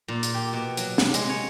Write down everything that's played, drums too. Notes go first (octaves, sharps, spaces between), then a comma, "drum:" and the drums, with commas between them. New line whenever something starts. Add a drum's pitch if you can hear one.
A#2
drum: hi-hat
G4
B2
F#3, drum: hi-hat
C3, drum: snare
G#3, drum: hi-hat
C#5